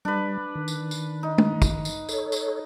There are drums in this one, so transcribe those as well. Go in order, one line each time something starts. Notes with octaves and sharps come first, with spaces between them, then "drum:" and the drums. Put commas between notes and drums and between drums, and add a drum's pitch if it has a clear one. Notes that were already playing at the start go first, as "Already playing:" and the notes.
G3 D4 B4
D#3
drum: tambourine
drum: tambourine
D#4
drum: tom G#3
drum: kick, tambourine
drum: tambourine
A4 C#5, drum: tambourine
drum: tambourine